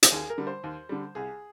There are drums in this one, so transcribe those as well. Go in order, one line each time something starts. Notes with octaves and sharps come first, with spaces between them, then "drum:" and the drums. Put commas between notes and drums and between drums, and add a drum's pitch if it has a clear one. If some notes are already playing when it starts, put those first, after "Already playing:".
drum: hi-hat
D#2 G#4
A#4
D3 G3
C5
D#2
D3 G3
C2 G#4